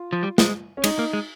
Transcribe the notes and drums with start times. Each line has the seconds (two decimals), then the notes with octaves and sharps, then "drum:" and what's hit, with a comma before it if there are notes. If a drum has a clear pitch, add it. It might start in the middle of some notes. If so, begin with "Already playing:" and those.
Already playing: F4
0.13 F3
0.23 G3
0.38 G#3, drum: snare
0.77 C#4
0.84 G#3 D#4, drum: cymbal
0.99 A#3
1.13 G#3